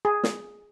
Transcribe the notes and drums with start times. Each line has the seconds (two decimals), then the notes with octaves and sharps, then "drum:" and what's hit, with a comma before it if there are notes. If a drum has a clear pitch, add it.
0.05 G#4
0.23 drum: snare